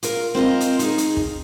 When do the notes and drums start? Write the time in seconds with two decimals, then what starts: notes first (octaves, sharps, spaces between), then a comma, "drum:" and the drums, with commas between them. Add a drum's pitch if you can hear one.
0.03 F4 A#4, drum: hi-hat
0.35 C4 F4 A#4 D#5
0.60 drum: hi-hat
0.79 D#4 G#4, drum: hi-hat
0.98 drum: hi-hat
1.17 drum: kick